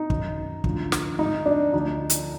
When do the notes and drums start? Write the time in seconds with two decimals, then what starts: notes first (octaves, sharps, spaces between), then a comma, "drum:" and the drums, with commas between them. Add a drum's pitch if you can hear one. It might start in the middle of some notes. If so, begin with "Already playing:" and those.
Already playing: D#4
0.10 F#2 D#3, drum: kick
0.64 D2 D3 F3, drum: kick
0.92 drum: snare
1.19 G#2 F3 D#4
1.46 D4
1.73 D2 D3 F3 D#4
2.10 drum: hi-hat